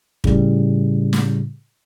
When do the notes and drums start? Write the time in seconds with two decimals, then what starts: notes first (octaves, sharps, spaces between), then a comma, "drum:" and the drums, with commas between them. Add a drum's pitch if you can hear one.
0.24 A2 C#3 G3, drum: kick
1.13 drum: snare